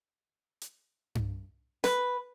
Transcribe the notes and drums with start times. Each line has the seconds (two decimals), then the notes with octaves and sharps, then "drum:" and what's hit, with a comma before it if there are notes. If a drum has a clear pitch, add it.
0.61 drum: hi-hat
1.15 drum: tom G2
1.84 B4, drum: snare